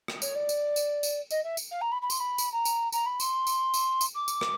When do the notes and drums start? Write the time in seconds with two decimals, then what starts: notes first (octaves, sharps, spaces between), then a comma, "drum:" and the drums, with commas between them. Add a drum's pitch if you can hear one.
0.08 drum: rim click
0.22 C#5, drum: tambourine
0.35 D5
0.49 drum: tambourine
0.76 drum: tambourine
1.03 drum: tambourine
1.31 D#5, drum: tambourine
1.44 E5
1.57 drum: tambourine
1.71 F5
1.81 A#5
1.92 B5
2.02 B5
2.10 C6, drum: tambourine
2.20 B5
2.38 drum: tambourine
2.52 A#5
2.65 drum: tambourine
2.92 A#5, drum: tambourine
3.06 B5
3.20 C6, drum: tambourine
3.47 drum: tambourine
3.74 drum: tambourine
4.01 drum: tambourine
4.15 D6
4.28 drum: tambourine
4.41 drum: rim click